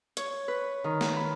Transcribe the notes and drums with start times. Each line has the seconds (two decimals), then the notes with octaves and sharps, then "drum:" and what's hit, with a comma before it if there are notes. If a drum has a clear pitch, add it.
0.17 C#5, drum: hi-hat
0.48 B4
0.84 D#3
1.01 drum: snare
1.17 B5